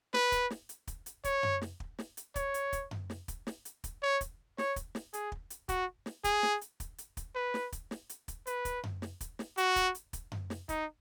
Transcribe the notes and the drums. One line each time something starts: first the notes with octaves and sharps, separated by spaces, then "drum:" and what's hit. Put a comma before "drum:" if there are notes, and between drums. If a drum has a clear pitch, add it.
B4, drum: snare
drum: kick, hi-hat
drum: snare
drum: hi-hat
drum: kick, hi-hat
drum: hi-hat
C#5, drum: kick, hi-hat
drum: tom F#2
drum: snare
drum: kick
drum: snare
drum: hi-hat
C#5, drum: kick, hi-hat
drum: hi-hat
drum: kick, hi-hat
drum: tom F#2
drum: snare
drum: kick, hi-hat
drum: snare
drum: hi-hat
drum: kick, hi-hat
C#5
drum: kick, hi-hat
C#5, drum: snare
drum: kick, hi-hat
drum: snare
G#4, drum: hi-hat
drum: kick
drum: hi-hat
F#4, drum: kick, hi-hat
drum: snare
G#4, drum: kick, hi-hat
drum: snare
drum: hi-hat
drum: kick, hi-hat
drum: hi-hat
drum: kick, hi-hat
B4
drum: snare
drum: kick, hi-hat
drum: snare
drum: hi-hat
drum: kick, hi-hat
B4, drum: hi-hat
drum: kick, hi-hat
drum: tom F#2
drum: snare
drum: kick, hi-hat
drum: snare
F#4, drum: hi-hat
drum: kick, hi-hat
drum: hi-hat
drum: kick, hi-hat
drum: tom F#2
drum: snare
D#4, drum: kick, hi-hat